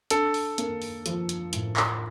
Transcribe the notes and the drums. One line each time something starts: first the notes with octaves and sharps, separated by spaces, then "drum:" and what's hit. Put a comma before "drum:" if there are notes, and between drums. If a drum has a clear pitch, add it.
D4 A4, drum: hi-hat
drum: open hi-hat
A#3, drum: hi-hat
drum: open hi-hat
F3, drum: hi-hat
drum: hi-hat
A2, drum: hi-hat
drum: clap